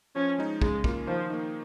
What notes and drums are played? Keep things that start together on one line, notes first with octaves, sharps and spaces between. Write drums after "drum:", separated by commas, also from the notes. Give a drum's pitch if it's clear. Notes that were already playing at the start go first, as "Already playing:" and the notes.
F3 C#4
G#3 D#4
C#3 G#3, drum: kick
A#3 F4, drum: kick
D#3 F3
A#3 D#4